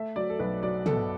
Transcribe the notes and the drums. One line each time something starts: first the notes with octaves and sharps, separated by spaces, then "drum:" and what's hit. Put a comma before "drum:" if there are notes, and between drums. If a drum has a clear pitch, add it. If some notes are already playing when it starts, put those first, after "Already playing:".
Already playing: A3 E5
F#3 D5
A4
B1 B4
F#3 D5
B2 A4, drum: tom